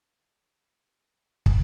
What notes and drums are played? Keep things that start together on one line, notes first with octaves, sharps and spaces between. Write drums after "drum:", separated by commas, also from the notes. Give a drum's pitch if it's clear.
D5
F#4
drum: kick